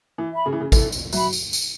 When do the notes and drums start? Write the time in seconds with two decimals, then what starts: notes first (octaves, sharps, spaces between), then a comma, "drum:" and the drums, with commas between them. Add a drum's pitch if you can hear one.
0.18 E3
0.32 E5 B5
0.46 C#3
0.52 E3
0.60 C#3
0.72 E3 A4, drum: kick A1, tambourine
0.92 drum: tambourine
1.13 F#3 E5 B5, drum: tambourine
1.33 drum: tambourine
1.53 drum: tambourine